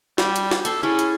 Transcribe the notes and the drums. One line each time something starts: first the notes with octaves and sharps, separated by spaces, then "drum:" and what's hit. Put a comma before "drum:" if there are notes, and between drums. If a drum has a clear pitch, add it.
G3, drum: snare
drum: hi-hat
drum: snare
A4 C6 C#6, drum: hi-hat
C#4 E4 G#4 A4
drum: hi-hat